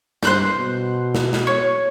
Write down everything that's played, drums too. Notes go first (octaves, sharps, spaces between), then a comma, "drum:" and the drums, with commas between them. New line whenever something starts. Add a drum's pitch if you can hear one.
G2 C5 F#6 G6, drum: snare
B2
drum: snare
drum: snare
C#5